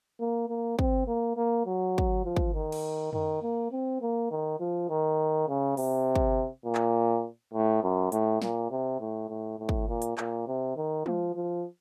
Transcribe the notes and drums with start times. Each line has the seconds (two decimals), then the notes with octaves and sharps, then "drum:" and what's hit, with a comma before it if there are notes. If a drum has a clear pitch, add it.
0.20 A#3
0.49 A#3
0.79 C4, drum: kick
1.07 A#3
1.37 A#3
1.66 F#3
1.98 drum: kick
2.25 F3
2.37 drum: kick
2.54 D#3
2.72 drum: cymbal
3.13 D#3, drum: tom F#2
3.42 A#3
3.72 C4
4.01 A#3
4.31 D#3
4.60 F3
4.89 D#3
5.48 C#3
5.77 C3, drum: open hi-hat
6.16 drum: kick
6.65 A#2
6.75 drum: clap
7.54 A2
7.83 F#2
8.12 A2, drum: hi-hat
8.42 A#2, drum: snare
8.71 C3
9.00 A2
9.29 A2
9.59 A2
9.69 drum: kick
9.88 A#2
10.02 drum: hi-hat
10.18 A#2, drum: clap
10.47 C3
10.76 D#3
11.06 F3, drum: tom G#3
11.35 F3